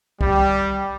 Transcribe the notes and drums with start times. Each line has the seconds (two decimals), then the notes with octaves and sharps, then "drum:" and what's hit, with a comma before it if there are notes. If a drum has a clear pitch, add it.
0.21 G3, drum: kick